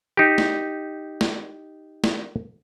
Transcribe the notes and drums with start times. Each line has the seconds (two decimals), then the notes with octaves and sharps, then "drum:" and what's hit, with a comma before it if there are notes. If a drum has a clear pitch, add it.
0.17 D#4 G4
0.38 drum: snare
1.21 drum: snare
2.04 drum: snare